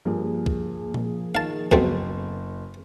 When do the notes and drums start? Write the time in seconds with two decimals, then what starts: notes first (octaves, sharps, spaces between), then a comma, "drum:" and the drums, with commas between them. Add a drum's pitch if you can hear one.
0.05 G2 F3 A#3 G#4
0.46 drum: kick
0.94 drum: tom A#2
1.35 D#3 F5 A5
1.72 F#1 B2 A3 C4, drum: kick